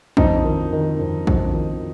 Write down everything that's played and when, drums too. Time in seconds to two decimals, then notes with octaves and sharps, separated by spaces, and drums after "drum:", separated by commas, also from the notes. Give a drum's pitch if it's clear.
0.17 F2 D#4, drum: kick A#1
0.45 D#3
0.73 D#3
0.99 F2
1.27 F2, drum: kick A#1
1.54 D#3